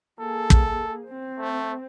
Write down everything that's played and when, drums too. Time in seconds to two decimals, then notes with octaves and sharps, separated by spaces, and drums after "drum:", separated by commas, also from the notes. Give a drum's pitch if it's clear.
0.20 A#3 G#4 A4
0.50 drum: kick
1.06 C4 C5
1.39 A3